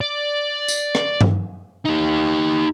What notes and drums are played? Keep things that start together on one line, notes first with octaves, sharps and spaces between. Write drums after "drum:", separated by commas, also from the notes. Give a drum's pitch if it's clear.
D5
drum: tambourine
drum: rim click
drum: tom G2
D#4 G4